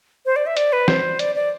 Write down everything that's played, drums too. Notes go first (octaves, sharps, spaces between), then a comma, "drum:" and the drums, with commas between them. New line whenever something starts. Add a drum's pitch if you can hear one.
C5
D5
E5
D5, drum: hi-hat
B4
C5, drum: snare
D5, drum: hi-hat
D5